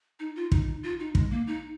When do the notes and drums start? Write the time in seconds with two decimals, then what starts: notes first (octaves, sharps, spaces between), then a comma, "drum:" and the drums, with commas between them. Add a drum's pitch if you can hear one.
0.20 D#4
0.36 F4
0.52 D#4, drum: kick
0.83 F4
0.99 D#4
1.15 G#3, drum: kick
1.31 A#3
1.47 D#4